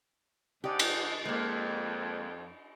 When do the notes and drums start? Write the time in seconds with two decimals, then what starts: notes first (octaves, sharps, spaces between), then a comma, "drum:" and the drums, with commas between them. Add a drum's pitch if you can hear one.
0.64 G#2 D3 D#4 G4 D5
0.79 drum: cymbal
1.25 F2 G#3 A#3